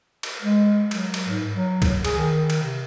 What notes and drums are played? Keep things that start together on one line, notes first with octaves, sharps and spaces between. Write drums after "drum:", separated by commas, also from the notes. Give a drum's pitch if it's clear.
drum: cymbal
G#3
F#3, drum: cymbal
drum: cymbal
G#2
F#3
drum: kick C2, cymbal
G#4, drum: cymbal
D#3
drum: cymbal
C3